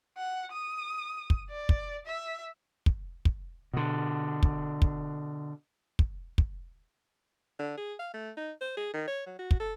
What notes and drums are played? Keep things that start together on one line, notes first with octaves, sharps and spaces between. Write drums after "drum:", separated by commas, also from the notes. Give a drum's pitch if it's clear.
F#5
D#6
drum: kick
D5
drum: kick
E5
drum: kick
drum: kick
B2 D3
drum: kick
drum: kick
drum: kick
drum: kick
D3
G#4
F5
A3
D#4
C5
G#4
D#3
C#5
F#3
F#4
drum: kick
A4